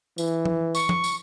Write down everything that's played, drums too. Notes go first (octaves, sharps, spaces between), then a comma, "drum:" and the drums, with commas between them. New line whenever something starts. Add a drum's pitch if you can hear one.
E3, drum: tambourine
drum: tom
C#6, drum: tambourine
drum: tom
drum: tambourine